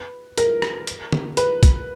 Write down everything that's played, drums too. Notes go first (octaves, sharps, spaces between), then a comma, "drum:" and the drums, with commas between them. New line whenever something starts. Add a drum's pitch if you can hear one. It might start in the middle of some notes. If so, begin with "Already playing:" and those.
Already playing: B4
A#4, drum: hi-hat
drum: rim click
drum: hi-hat
drum: tom
B4, drum: hi-hat
drum: kick, hi-hat